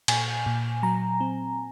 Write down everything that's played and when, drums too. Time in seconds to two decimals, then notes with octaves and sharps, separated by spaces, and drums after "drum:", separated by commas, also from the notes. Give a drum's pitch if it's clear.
0.08 A#2 G#5, drum: cymbal
0.46 A#2
0.83 F#3 A#5
1.20 C4